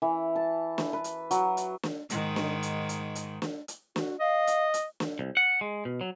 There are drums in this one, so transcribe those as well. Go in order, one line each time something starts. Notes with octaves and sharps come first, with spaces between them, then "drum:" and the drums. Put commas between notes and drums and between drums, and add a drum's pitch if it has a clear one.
E3
A5
drum: snare
B4
drum: hi-hat
F#3, drum: hi-hat
drum: hi-hat
drum: snare
G#2 D#3 G#3, drum: hi-hat
drum: snare
drum: hi-hat
drum: hi-hat
drum: hi-hat
drum: snare
drum: hi-hat
F#4, drum: snare
D#5 F5
drum: hi-hat
drum: hi-hat
drum: snare
C2
F#5
G#3
B2
F#3